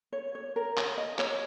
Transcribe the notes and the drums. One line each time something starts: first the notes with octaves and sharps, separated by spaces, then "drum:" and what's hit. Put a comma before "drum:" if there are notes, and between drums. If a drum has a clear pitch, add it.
C#5
C#5
A#4
C#5, drum: clap
D#5
C#5, drum: clap